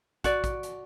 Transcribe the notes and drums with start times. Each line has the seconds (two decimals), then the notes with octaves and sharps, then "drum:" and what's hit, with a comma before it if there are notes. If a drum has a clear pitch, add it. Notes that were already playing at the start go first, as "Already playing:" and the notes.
0.24 F#4 D5, drum: kick, hi-hat
0.44 drum: kick, hi-hat
0.63 drum: hi-hat